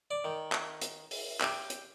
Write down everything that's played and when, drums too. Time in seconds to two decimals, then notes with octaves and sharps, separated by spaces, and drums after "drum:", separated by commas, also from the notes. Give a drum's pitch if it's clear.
0.11 D5
0.24 D#3
0.52 drum: clap
0.82 drum: hi-hat
1.11 drum: open hi-hat
1.41 G4, drum: clap
1.70 drum: hi-hat